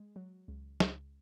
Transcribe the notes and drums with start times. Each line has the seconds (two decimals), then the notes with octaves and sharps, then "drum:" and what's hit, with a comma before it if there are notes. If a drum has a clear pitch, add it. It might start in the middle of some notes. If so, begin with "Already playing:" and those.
Already playing: G#3
0.16 F#3
0.48 C#2
0.80 C#2, drum: snare